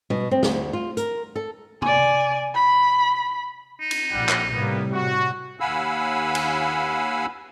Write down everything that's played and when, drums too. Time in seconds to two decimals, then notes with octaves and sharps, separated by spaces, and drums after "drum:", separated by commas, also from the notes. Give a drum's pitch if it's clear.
0.10 B2, drum: tom G3
0.31 C4
0.43 D2, drum: snare
0.73 F4
0.97 A#4, drum: hi-hat
1.36 A4
1.82 D5 G#5, drum: tom C3
2.55 B5
3.81 D#4
3.91 drum: cymbal
4.12 A#1 G3 F#5
4.29 drum: clap
4.52 A2 C3 G3 A#3 B3
4.93 F#4
5.60 D#2 F5 F#5 G#5 B5 E6
6.35 drum: cymbal